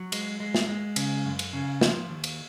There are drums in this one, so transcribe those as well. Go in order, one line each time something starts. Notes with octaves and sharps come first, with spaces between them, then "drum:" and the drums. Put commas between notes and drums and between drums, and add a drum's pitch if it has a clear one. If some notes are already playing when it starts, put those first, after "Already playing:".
Already playing: F#3
G#3, drum: cymbal
G#3
drum: snare
G#3
C#3, drum: cymbal
F#2
drum: cymbal
C#3
F3, drum: snare
D#2
drum: cymbal